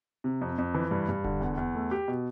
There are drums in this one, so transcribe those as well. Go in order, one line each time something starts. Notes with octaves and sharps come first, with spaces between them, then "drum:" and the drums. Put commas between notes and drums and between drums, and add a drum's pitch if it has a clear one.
C3
F2
F2
E3
G2
G2
D3, drum: kick D#1
E2
E2
A3
G4
B2